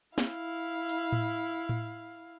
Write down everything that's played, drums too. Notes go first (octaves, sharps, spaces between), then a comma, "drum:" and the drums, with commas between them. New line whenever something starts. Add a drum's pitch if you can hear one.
E4 F5, drum: snare
drum: hi-hat
drum: tom A2
drum: tom A2